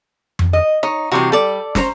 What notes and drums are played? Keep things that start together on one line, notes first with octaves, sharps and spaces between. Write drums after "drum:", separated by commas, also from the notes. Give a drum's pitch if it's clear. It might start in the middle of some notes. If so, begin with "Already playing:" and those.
drum: tom F2
D#5
D#4 C#5
C3 E3 G3 F#4 G4 C6
G3 A4 D5
C#4 C5 A#5, drum: snare